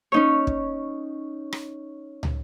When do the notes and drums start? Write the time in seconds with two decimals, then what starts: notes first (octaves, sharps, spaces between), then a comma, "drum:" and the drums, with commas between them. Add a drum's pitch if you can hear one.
0.12 C#4 D#4 C#5
0.47 drum: kick
1.53 drum: rim click
2.23 drum: tom